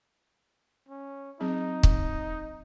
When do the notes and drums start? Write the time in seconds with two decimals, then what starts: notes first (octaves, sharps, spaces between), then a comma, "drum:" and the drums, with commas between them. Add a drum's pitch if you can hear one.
0.89 C#4
1.40 F#3 C4 D#4 G#4
1.83 drum: kick